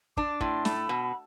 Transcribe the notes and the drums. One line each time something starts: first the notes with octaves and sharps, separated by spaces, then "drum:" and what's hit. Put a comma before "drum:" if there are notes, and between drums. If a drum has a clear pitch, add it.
D4 D6, drum: kick
A2 C6, drum: kick
A3 B5, drum: snare
B2